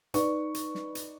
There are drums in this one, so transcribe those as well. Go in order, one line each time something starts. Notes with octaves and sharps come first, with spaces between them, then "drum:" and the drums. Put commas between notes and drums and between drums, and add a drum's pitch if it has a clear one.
D#4 B4 D5 C#6, drum: hi-hat
drum: hi-hat
drum: snare
drum: hi-hat